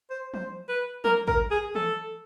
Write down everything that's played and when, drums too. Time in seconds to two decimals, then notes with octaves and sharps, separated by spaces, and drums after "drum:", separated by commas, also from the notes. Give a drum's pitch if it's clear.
0.10 C5
0.34 C5, drum: tom F3
0.69 B4
1.04 A#4, drum: tom F3
1.28 A#4, drum: kick
1.51 G#4
1.75 A4, drum: tom E3